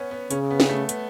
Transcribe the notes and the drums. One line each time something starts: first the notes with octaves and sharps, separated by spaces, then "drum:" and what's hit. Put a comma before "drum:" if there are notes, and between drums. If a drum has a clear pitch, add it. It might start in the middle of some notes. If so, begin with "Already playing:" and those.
Already playing: B3 C#4
B3
C#3 C#4, drum: hi-hat
B3
drum: snare
A3
B3, drum: hi-hat